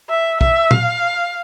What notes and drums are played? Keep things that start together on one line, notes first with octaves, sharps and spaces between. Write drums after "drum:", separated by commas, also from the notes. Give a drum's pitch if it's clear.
E5
E5, drum: kick
F5, drum: tom